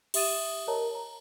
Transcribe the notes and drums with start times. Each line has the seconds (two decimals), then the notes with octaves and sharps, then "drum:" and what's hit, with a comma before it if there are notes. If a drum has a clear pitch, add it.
0.14 G4 E5 D#6 A6 D#7 E7, drum: cymbal
0.67 A#4 C#5 D#5 A5 A#5
0.95 A#5